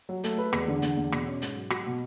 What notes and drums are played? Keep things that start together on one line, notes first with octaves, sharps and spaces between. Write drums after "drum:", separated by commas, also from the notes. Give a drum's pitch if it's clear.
F#3
A3, drum: hi-hat
B4
E2, drum: rim click
D3
E2, drum: hi-hat
E2
B2, drum: rim click
C#4
G#2, drum: hi-hat
F#3
F#4, drum: rim click
B2